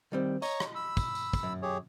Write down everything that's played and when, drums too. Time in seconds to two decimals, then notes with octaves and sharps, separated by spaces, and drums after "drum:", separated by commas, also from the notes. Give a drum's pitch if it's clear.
0.12 D#3 G3 C4
0.42 C#5 D#5 A#5 C#6, drum: tambourine
0.60 drum: rim click
0.75 B5 E6
0.97 drum: kick, tambourine
1.15 drum: tambourine
1.33 drum: kick, tambourine
1.43 F#2
1.62 G4 G#4 C#5